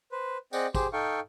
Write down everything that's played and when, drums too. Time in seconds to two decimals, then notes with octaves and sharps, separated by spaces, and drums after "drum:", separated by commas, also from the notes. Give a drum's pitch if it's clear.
0.12 B4 C5
0.53 C4 G#4 D5 D#5 F#5 G5, drum: tambourine
0.75 G4 G#4 C5, drum: kick, tambourine
0.93 D#4 A4 F5 G5 C#6